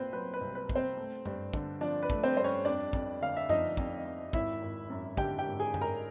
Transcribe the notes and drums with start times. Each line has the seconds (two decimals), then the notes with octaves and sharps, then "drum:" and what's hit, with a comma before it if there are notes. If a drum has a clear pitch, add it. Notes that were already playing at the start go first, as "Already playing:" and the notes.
Already playing: C2 A#2 C4 B4 C5
0.13 F#3 B4
0.34 B4
0.41 C2
0.55 B4
0.69 C2, drum: kick
0.75 C4 C5
0.97 A3
1.25 G2, drum: tom F#2
1.53 D3, drum: kick
1.81 F3 D4 D5
2.03 B4
2.10 A3, drum: kick
2.23 C4 C5
2.37 G2 C5
2.44 C#4 C#5
2.65 F2 D4 D5
2.93 F2, drum: kick
3.21 D3 F5
3.37 E5
3.49 F3 D#4 D#5, drum: tom F#2
3.77 F2, drum: kick
4.05 F2
4.33 G#1 E4 E5, drum: kick
4.62 G#1
4.90 F#2
5.17 D3 G4 G5, drum: kick
5.39 G4 G5
5.46 G#1
5.60 G#4 G#5
5.74 G#1, drum: tom F#2
5.81 A#4 A#5